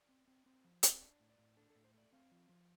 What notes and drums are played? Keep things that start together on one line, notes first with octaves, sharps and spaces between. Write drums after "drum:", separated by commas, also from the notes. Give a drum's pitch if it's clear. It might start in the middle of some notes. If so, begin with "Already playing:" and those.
Already playing: D5
C4
C4
C4
F3
C4, drum: hi-hat
D4 D5
A2
D5
A2
D4 A4
A4
A2
C5
A3 D5
C4 F5
F3
F3